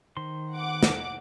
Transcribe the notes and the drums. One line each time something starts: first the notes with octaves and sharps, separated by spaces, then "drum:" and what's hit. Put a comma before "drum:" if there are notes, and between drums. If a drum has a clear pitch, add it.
D#3 C5 C6
F#5 D6
drum: snare